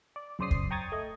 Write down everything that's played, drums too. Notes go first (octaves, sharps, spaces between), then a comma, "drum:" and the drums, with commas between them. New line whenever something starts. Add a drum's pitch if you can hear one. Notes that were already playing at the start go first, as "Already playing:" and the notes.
D5
F#2 C#3 C5 D5 D#6 C7
drum: kick
G5 A#5 C#6 D#6 G#6 A6
A3 D#5